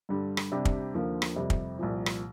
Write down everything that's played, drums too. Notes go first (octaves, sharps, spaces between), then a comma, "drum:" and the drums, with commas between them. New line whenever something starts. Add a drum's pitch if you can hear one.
G2 D3 G3
drum: rim click
C3 G3 D4 G4
drum: kick
D#2 D3 F3 A#3
drum: rim click
F2 C3 G3
drum: kick
C2 A#2 F3
drum: rim click